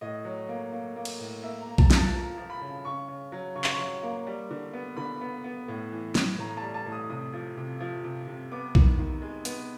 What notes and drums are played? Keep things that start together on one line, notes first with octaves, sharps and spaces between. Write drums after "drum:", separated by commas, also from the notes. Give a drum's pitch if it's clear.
A2 D#5
F#3
A#3
A#3
A#3
drum: cymbal
A2
A#3 E5
A#5
A#3
A5, drum: kick
F3, drum: snare
A5
F3 A#5
F3
B5
C#3
C#3 C#6
C#3
F#3
C#3 C#6
C6, drum: clap
C#6
F#3
A#3
G3
D3
B3
D3 B5
B3
B3
A2
E3
A2, drum: snare
A2 A#5
G3 A5
A5
A2
D#6
C3 D#6
F3
C3
F3
C3
C3
B3 D6
D#3, drum: kick
D#3
G#3
B3, drum: hi-hat